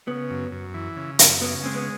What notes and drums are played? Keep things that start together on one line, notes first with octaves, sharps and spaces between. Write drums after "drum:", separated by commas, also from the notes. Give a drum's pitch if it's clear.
C#3 B3
F#2
F#2
E3
C#3
F#2, drum: hi-hat
C#3 B3
G#3 C4
B3